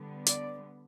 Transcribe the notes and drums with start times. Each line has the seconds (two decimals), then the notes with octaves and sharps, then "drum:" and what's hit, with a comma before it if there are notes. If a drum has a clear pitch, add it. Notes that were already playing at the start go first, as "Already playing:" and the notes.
Already playing: D3 G3 B3
0.26 D5, drum: hi-hat